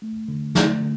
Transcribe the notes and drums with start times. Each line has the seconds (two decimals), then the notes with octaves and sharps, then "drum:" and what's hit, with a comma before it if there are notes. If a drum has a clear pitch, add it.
0.02 A3
0.28 D3
0.55 A3, drum: snare
0.80 D3